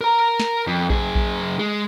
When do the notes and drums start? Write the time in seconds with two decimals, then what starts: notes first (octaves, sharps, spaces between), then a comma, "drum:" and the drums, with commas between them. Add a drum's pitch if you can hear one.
0.01 A#4 A#5
0.40 drum: snare
0.67 F2
0.90 F#2 G#4, drum: kick A#1
1.15 drum: kick A#1
1.59 G#3